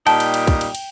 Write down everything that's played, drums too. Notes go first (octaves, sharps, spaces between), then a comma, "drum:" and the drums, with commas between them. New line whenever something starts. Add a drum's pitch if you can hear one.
A#2 G3 D#4 G5 A5, drum: cymbal
drum: cymbal
drum: cymbal
drum: kick, cymbal
drum: cymbal
drum: cymbal